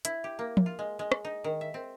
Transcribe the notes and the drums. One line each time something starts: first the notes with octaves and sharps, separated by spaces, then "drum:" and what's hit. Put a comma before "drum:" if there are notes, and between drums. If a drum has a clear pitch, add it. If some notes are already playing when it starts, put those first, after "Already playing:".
E4, drum: hi-hat
G4
A#3
drum: tom
F4
G#3
G#3
drum: rim click
D#4
D#3
E5
C4